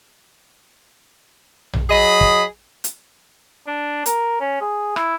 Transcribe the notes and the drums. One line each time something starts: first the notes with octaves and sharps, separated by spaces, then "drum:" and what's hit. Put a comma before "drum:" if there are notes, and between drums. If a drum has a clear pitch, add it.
drum: tom A#1
F#3 G#4 D#5 B5
drum: kick
drum: hi-hat
D4
A#4, drum: hi-hat
C#4
G#4
E4, drum: rim click